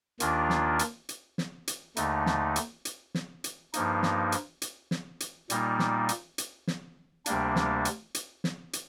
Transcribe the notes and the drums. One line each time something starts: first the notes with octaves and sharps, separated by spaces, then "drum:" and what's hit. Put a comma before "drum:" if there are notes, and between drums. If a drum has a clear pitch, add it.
D#2 D#3 A#3 D4 F4, drum: hi-hat
drum: snare
drum: hi-hat
drum: hi-hat
drum: snare
drum: hi-hat
D#2 D3 A3 D#4, drum: hi-hat
drum: snare
drum: hi-hat
drum: hi-hat
drum: snare
drum: hi-hat
G2 F3 A#3 D#4, drum: hi-hat
drum: snare
drum: hi-hat
drum: hi-hat
drum: snare
drum: hi-hat
A#2 G3 A#3 D#4, drum: hi-hat
drum: snare
drum: hi-hat
drum: hi-hat
drum: snare
D2 C3 G3 A#3 D4, drum: hi-hat
drum: snare
drum: hi-hat
drum: hi-hat
drum: snare
drum: hi-hat